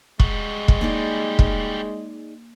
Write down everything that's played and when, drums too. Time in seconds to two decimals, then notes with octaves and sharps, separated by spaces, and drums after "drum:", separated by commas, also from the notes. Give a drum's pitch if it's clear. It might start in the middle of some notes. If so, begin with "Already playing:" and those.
0.20 G3 G#3 F#4, drum: kick
0.68 drum: kick
0.81 A#3 D#4 G#4 D5
1.39 drum: kick